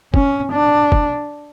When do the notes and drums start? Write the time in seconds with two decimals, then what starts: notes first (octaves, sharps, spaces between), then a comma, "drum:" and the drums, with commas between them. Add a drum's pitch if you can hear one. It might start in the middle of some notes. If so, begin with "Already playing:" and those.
0.14 C#4, drum: kick
0.52 D4
0.92 drum: kick